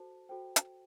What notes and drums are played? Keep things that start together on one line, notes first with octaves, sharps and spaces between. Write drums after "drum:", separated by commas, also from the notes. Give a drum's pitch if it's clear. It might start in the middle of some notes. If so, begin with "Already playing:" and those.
Already playing: F#4 A4 C5 A5
F#4 A4 C5 G5
drum: hi-hat